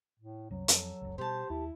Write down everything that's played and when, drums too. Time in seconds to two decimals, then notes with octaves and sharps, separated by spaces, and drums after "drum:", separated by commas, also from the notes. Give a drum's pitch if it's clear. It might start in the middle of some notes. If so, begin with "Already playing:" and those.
0.20 A2
0.51 C2 F#2 F#3
0.68 F2 A4, drum: hi-hat
1.01 F#1 C#2
1.18 B2 G3 G4 C5 A5
1.50 D#2 E4